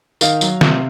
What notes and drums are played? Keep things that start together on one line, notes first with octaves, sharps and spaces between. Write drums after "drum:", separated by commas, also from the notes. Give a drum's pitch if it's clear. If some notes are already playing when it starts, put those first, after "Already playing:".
D#3 F5, drum: tambourine
F#3, drum: tambourine
C3, drum: snare